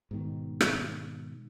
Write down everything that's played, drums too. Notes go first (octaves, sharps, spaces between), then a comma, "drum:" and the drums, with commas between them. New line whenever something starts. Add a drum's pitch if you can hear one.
G#2 B2 D#3
drum: rim click